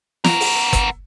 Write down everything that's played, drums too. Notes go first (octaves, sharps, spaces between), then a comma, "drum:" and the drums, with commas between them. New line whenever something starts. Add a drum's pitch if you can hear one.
B3 A#4, drum: snare
drum: open hi-hat
drum: kick, hi-hat